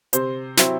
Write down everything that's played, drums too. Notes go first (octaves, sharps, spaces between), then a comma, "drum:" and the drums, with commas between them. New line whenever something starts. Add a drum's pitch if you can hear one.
C3 C5, drum: hi-hat
F#3 C4 E4, drum: snare